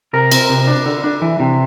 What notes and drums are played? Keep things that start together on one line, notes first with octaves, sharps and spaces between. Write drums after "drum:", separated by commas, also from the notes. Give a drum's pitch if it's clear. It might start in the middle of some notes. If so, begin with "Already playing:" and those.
C3 A#4
C4, drum: cymbal
C3
D4
D3
D4
E3
C3